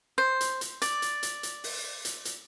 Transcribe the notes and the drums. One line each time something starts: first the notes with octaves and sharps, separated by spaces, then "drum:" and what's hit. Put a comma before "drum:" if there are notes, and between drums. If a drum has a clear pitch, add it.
C5
drum: hi-hat
drum: hi-hat
D5, drum: hi-hat
drum: hi-hat
drum: hi-hat
drum: hi-hat
drum: open hi-hat
drum: hi-hat
drum: hi-hat